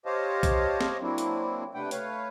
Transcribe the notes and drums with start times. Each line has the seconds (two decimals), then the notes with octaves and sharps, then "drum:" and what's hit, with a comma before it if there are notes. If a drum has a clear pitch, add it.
0.06 G4 C5 C#5 D#5 F5 A5
0.43 drum: kick B1, hi-hat
0.81 drum: snare
1.01 F#3 A#3 C4 D4 E4
1.18 drum: hi-hat
1.74 C3 A3 D4 B4 F#5 G5
1.91 A3 B4 C#5 F5, drum: hi-hat